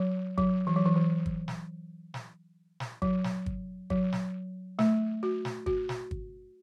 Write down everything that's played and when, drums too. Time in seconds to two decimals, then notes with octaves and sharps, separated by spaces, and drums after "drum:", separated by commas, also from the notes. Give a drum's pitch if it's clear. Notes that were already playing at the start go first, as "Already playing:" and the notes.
Already playing: F#3
0.38 F#3, drum: kick G1
0.67 E3
0.76 F#3
0.86 E3
0.96 E3
1.26 drum: kick G1
1.48 drum: snare
2.14 drum: snare
2.80 drum: snare
3.02 F#3, drum: kick G1
3.24 drum: snare
3.46 drum: kick G1
3.90 F#3, drum: kick G1
4.12 drum: snare
4.79 A3, drum: snare
5.23 F#4
5.45 drum: snare
5.66 F#4, drum: kick G1
5.89 drum: snare
6.11 drum: kick G1